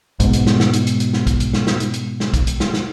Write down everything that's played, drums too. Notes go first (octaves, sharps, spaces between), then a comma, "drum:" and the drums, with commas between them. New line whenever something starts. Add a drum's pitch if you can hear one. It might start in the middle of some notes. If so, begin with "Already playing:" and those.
G#2 B2, drum: kick, hi-hat
drum: hi-hat
drum: snare
drum: snare
drum: hi-hat
drum: hi-hat
drum: hi-hat
drum: snare
drum: kick, hi-hat
drum: hi-hat
drum: snare
drum: snare
drum: hi-hat
drum: hi-hat
drum: snare
drum: kick, hi-hat
drum: hi-hat
drum: snare
drum: snare